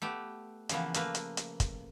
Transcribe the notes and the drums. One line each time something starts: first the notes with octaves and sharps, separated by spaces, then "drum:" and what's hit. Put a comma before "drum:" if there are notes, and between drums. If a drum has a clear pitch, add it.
A3 B3 G4
C#3 E3 F3 A#3 B3, drum: hi-hat
A3 A#3 B4, drum: hi-hat
drum: hi-hat
drum: hi-hat
drum: kick, hi-hat